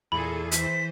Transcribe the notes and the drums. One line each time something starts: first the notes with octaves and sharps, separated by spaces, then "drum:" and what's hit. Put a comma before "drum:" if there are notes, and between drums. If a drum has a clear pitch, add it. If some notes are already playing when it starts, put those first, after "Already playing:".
E2 A#2 G#4 A4 B5
E3 C5 B6, drum: hi-hat